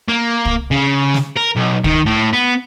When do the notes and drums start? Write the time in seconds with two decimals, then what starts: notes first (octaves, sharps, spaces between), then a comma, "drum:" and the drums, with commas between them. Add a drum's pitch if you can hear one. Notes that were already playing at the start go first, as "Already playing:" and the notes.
0.08 A#3
0.46 drum: kick
0.71 C#3
1.14 drum: snare
1.37 A#4
1.56 B1
1.84 D#3, drum: kick
2.06 A2
2.33 B3